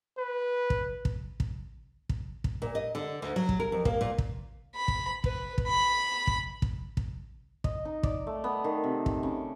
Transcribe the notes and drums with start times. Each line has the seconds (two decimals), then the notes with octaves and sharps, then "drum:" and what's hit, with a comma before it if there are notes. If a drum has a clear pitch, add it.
0.18 B4
0.70 drum: kick
1.05 drum: kick
1.40 drum: kick
2.09 drum: kick
2.44 drum: kick
2.62 A#2
2.75 D#5
2.95 D3
3.22 D2
3.36 F#3
3.49 drum: kick
3.60 A#4
3.72 F2
3.85 A#3, drum: kick
4.01 A#2
4.18 drum: kick
4.75 B5
4.88 drum: kick
5.24 B4, drum: kick
5.58 drum: kick
5.67 B5
6.27 drum: kick
6.62 drum: kick
6.97 drum: kick
7.64 D#5, drum: kick
7.85 D#4
8.03 D5, drum: kick
8.27 A3
8.44 B3
8.64 D#3
8.84 C3
9.06 drum: kick
9.23 C#3